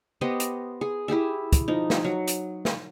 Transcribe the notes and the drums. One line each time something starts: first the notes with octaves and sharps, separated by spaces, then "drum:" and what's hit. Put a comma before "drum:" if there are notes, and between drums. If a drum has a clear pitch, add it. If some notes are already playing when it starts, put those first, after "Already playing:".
B3 G4 C5 D#5
drum: hi-hat
G#4
E4 G4 G#4 E5
drum: kick, hi-hat
F3 D#4
drum: snare
F#3
drum: hi-hat
drum: snare